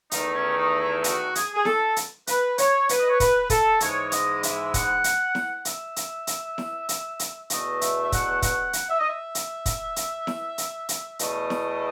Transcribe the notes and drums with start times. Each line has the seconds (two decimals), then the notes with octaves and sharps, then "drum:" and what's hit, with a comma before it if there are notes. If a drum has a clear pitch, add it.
0.11 E2 D#3 A3 D#4, drum: hi-hat
0.35 C#4
0.58 D#4
0.81 E4
1.00 E4
1.04 F#4, drum: hi-hat
1.35 G#4, drum: hi-hat
1.54 G#4
1.65 A4, drum: snare E4
1.96 drum: hi-hat
2.27 B4, drum: hi-hat
2.58 C#5, drum: hi-hat
2.89 B4, drum: hi-hat
2.99 D#5
3.09 C#5
3.20 B4, drum: kick, hi-hat
3.50 A4, drum: kick, hi-hat
3.80 G#2 E3 G#3 C#5, drum: hi-hat
4.07 C#5
4.12 D#5, drum: hi-hat
4.43 E5, drum: hi-hat
4.74 F#5, drum: kick, hi-hat
5.04 drum: hi-hat
5.35 drum: snare E4
5.65 E5, drum: hi-hat
5.96 drum: hi-hat
6.27 drum: hi-hat
6.58 drum: snare E4
6.89 drum: hi-hat
7.19 drum: hi-hat
7.50 E2 B2 A3 D#5, drum: hi-hat
7.81 E5, drum: hi-hat
8.04 E5
8.12 F#5, drum: kick, hi-hat
8.42 F#5, drum: kick, hi-hat
8.73 drum: hi-hat
8.89 E5
8.99 D#5
9.09 E5
9.35 drum: hi-hat
9.66 drum: kick, hi-hat
9.96 drum: hi-hat
10.27 drum: snare E4
10.58 drum: hi-hat
10.89 drum: hi-hat
11.19 E2 B2 A3 D#5, drum: hi-hat
11.50 drum: snare E4